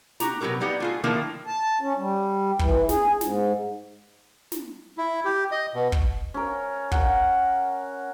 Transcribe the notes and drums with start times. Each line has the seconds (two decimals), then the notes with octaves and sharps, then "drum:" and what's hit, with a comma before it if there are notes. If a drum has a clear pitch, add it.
0.20 F#4 G4 A#5, drum: snare
0.41 B2 F#3 C#4 E4 G4 A#4
0.60 G3 B3 D#4 G4 F#5
0.80 A3 F4 G#4
1.04 D3 D#3 F3 A3 A#3 E4
1.47 A5
1.81 C#4
1.98 G3
2.59 E3, drum: kick
2.89 G#4, drum: snare
3.21 G#2, drum: snare
4.52 drum: snare
4.98 E4
5.25 G4
5.52 D#5
5.74 B2
5.92 drum: kick
6.34 C#4 A#4
6.92 A#4 F#5, drum: kick